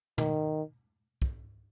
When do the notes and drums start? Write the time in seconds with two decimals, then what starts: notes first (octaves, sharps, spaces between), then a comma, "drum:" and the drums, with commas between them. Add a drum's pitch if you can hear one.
0.18 D#3, drum: tom
1.22 drum: kick